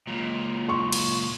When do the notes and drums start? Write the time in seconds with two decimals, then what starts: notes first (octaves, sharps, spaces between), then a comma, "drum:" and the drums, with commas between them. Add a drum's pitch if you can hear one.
0.08 C#2 A#2
0.68 C6 C#6
0.92 drum: cymbal